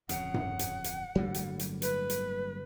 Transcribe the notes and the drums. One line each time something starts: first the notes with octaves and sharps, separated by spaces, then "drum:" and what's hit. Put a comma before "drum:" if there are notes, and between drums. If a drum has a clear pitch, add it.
D1 F2 C#3 F#5, drum: hi-hat
drum: tom G2
drum: hi-hat
drum: hi-hat
G1 A2 D3 F#3 G3 A#3
drum: hi-hat
drum: hi-hat
B4, drum: hi-hat
drum: hi-hat